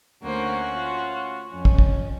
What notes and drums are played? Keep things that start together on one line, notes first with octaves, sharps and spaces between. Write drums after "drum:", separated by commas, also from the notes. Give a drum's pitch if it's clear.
D2 A#3 C#4 F#4 C5
F4
F2 C#4
drum: kick
drum: kick